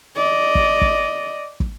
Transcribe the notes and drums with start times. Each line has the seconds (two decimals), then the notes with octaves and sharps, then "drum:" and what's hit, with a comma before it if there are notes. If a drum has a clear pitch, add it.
0.16 D5 D#5
0.55 drum: kick
0.82 drum: kick
1.60 drum: kick